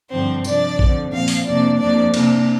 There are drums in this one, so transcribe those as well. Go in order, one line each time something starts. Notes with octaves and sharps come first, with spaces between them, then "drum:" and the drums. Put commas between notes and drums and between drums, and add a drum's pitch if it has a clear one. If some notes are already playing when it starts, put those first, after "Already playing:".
G2 D3 F3 C4 C5
C3 F3 D4 D5, drum: tambourine
F2 D3 F3, drum: kick A#1
A#2 F3 C4 F5
drum: open hi-hat
F2 C3 A#3 D4 D5
F2 F3 A#3 D4 D5
C3 A#3 D4, drum: cymbal